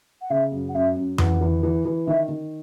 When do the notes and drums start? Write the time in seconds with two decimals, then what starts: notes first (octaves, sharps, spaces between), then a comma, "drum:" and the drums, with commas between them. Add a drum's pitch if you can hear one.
0.21 F#5
0.30 C#3 E5
0.52 F#2
0.69 F#5
0.75 F#2 E5
0.97 F#2
1.18 E3 F#5, drum: tom F2
1.41 E3
1.63 E3
1.85 E3
2.07 D#3 E5
2.29 D#3